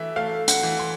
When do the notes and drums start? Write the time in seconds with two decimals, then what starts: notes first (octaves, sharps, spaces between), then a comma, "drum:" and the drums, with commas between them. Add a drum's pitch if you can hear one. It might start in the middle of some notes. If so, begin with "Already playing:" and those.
Already playing: E3 A3 E5
0.16 A3 F5
0.48 F#5, drum: hi-hat
0.63 E3
0.79 C6